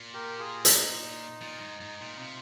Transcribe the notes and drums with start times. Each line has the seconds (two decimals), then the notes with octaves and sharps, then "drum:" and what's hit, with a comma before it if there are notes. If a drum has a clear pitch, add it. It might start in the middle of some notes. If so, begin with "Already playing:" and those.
Already playing: A#2
0.14 G4 A#4
0.39 F4 G#4
0.65 D#4, drum: hi-hat
1.42 A#2
1.61 G#2
1.81 G#2
2.00 A#2
2.18 C3 F4